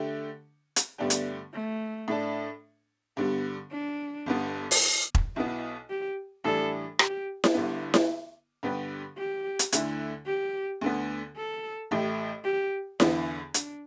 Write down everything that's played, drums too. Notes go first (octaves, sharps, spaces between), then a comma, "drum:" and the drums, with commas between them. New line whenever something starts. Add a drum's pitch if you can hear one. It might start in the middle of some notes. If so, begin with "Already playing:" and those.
Already playing: D3 A3 G4
drum: hi-hat
G2 D3 A3 B3 D4 G4
drum: hi-hat
A3
A2 A3 D4 A4
G2 D3 G3 B3
D4
G1 G2 D3 B3
drum: open hi-hat
drum: kick E1
B1 B2 B3 E4
G4
A2 E3 G3 D4 A4
G4, drum: rim click
drum: snare E4
G1 G2 D3 B3 E4
drum: snare E4
G2 D3 B3 G4 B4
G4
drum: hi-hat
D2 D3 A3 E4, drum: hi-hat
G4
D2 D3 B3
A4
A1 A2 A3 G4
G4
E2 D3 B3 E4, drum: snare E4
D4, drum: hi-hat